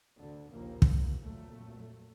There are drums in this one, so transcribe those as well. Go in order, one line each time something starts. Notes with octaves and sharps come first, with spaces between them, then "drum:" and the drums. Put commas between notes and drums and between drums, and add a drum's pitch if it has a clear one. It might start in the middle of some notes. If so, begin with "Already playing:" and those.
D2 D3
A#1 D#2 C#3 F3 A#3
drum: kick
F2 A#2 F#3 A3